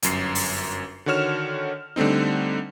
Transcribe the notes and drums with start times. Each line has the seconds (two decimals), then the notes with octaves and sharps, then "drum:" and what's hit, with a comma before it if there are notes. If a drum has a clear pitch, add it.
0.03 G1 F#2 C7, drum: hi-hat
0.35 drum: open hi-hat
1.06 D3 D#3 F#4 C#5 F6 E7
1.96 D3 G3 A3 C4 D#4